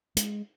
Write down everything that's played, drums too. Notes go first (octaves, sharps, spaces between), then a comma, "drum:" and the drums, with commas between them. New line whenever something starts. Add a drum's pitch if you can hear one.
G#3, drum: hi-hat